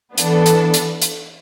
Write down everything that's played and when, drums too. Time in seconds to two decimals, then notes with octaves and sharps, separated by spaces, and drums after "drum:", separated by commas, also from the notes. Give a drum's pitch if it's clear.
0.18 E3 B3 D4 A4, drum: hi-hat
0.46 drum: hi-hat
0.74 drum: hi-hat
1.02 drum: hi-hat